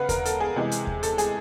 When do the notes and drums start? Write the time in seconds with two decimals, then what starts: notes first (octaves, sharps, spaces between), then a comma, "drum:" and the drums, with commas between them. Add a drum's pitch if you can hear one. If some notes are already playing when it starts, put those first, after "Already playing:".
Already playing: C#3 B4 F5 F#5
0.09 A#4, drum: kick D#2, hi-hat
0.25 A4, drum: hi-hat
0.40 G#4
0.56 C3 E3 G#3
0.71 drum: hi-hat
0.87 drum: kick D#2
1.03 A4, drum: hi-hat
1.18 G#4, drum: hi-hat